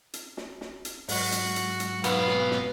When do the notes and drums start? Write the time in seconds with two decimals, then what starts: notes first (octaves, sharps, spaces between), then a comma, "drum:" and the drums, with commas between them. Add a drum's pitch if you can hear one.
0.14 drum: hi-hat
0.37 drum: snare
0.61 drum: snare
0.85 drum: hi-hat
1.09 G#2 F#3 G#3 F#4, drum: open hi-hat
1.32 drum: hi-hat
1.56 drum: hi-hat
1.80 drum: hi-hat
2.04 B1 B3 B4 F5, drum: hi-hat
2.27 drum: snare
2.51 drum: snare